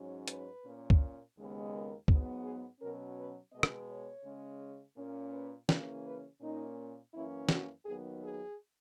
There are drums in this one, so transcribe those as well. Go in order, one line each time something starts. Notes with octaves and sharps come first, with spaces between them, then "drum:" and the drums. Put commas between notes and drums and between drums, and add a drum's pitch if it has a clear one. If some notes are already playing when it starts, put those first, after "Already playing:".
Already playing: G#2 F#3 C#4
B4, drum: hi-hat
A#2 A#3 C#4
drum: kick
D#2 C#3 G#3 B3
A#4
G#2 F#3 B3, drum: kick
G#4
B2 F#3 C#4 A#4
B4
B2 G#3 B3 D#5
drum: rim click
C#5
C#3 G#3 C#4
A#2 A#3 C#4
B4
C#3 E3 A#3 C#4, drum: snare
B4
A#2 A#3 C#4 D#4
F#2 E3 A#3 C#4 E4
F#4, drum: snare
D#2 D#3 F#3 B3 G#4
G#4